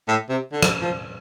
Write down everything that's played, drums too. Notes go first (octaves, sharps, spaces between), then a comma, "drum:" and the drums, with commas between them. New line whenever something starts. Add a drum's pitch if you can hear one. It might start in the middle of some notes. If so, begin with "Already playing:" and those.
A2
C3
D3
drum: rim click
F3